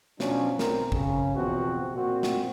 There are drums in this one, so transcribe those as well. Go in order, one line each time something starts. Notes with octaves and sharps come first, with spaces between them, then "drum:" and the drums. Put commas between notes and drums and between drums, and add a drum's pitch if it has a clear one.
B2 F3 F#3 C#4 D4, drum: snare
B1 C4 A#4, drum: snare
C#3, drum: kick
E2 B2 F3 C4 F#4
A#2 C4 F#4
drum: snare